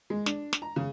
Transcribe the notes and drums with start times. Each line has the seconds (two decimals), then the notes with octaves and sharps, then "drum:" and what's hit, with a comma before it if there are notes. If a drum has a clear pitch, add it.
0.10 G#3
0.26 D4, drum: snare
0.53 drum: snare
0.62 A#5
0.76 C#3